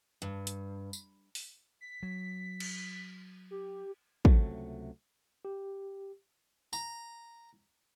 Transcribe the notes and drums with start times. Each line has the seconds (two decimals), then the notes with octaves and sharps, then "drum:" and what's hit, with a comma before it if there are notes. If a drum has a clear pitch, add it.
0.22 G2
0.47 drum: hi-hat
0.93 drum: tambourine
1.35 drum: open hi-hat
1.81 B6
2.03 F#3
2.60 drum: cymbal
3.51 G4
4.25 C#2 C3 F#3 A3, drum: kick
5.45 G4
6.73 A#5, drum: tambourine